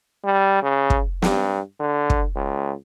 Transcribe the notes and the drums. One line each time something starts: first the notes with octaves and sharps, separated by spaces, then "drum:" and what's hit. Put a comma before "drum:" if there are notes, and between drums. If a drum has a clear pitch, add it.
G3
C#3
drum: kick
G2, drum: snare
D3
drum: kick
C#2